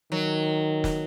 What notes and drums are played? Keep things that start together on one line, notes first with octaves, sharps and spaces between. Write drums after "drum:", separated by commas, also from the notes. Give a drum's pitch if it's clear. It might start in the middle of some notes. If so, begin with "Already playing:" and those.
D#3 F#3
drum: snare